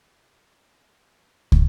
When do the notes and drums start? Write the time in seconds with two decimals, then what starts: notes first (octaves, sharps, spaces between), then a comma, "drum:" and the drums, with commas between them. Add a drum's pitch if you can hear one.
0.25 C#5
1.02 F#4
1.52 drum: kick